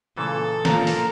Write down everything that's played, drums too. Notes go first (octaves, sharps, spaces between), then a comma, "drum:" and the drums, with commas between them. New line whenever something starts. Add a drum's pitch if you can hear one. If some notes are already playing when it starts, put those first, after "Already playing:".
A#2 C#3 E3 A4
A#3 F4 A#4 A#5, drum: snare
drum: open hi-hat